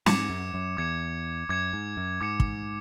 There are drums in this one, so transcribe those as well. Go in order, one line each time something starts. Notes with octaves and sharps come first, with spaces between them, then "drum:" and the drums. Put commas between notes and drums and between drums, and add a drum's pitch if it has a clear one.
G#2 D6 G#6 C#7 E7, drum: snare
F#2
F#2
E2 D6 G#6 C#7 E7
F#2 D6 G#6 C#7 E7
G#2
F#2
G#2 D6 G#6 C#7 E7
drum: kick